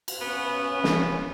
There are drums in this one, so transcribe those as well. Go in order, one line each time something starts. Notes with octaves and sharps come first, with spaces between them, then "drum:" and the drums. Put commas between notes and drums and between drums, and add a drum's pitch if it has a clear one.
drum: cymbal
B3 C#4
drum: snare